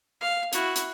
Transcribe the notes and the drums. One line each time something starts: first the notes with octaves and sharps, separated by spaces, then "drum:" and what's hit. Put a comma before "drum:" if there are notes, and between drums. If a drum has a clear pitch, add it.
F5
E4 F#4, drum: hi-hat
drum: hi-hat